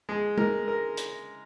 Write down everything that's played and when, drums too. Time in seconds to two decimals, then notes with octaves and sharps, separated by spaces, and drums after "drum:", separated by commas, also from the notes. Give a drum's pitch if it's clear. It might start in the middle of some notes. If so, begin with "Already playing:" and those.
0.09 G#3
0.38 A#4, drum: tom G#3
0.68 A#4
0.97 drum: hi-hat